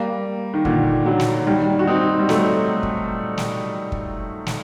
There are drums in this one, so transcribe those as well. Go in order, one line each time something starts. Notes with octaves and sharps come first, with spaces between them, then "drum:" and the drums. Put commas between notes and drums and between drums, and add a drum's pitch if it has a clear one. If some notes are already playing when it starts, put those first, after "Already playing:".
Already playing: G3 A#3
D#3
A#2 D3, drum: kick
D3 F#3
drum: snare
D#3 G3
F#4
C4 D#4
G3
F#3 A3, drum: snare
drum: kick
drum: snare
drum: kick
drum: snare